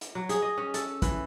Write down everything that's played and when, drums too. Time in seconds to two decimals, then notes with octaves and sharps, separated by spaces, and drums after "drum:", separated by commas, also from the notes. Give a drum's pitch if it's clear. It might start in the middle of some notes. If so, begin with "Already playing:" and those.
0.01 drum: hi-hat
0.15 F#3
0.29 G#4, drum: hi-hat
0.42 D#5
0.57 C#4
0.74 A4, drum: hi-hat
1.02 E3, drum: kick, hi-hat